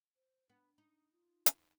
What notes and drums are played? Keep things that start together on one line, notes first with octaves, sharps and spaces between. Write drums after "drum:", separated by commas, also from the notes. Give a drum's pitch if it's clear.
C5
B3 D4
D#4
F4
drum: hi-hat